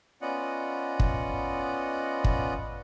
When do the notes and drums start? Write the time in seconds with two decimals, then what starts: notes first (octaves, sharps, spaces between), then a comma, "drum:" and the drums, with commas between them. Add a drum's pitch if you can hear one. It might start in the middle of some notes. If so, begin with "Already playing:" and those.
0.22 B3 C#4 F4 D5 D#5 F#5
1.00 drum: kick
2.24 drum: kick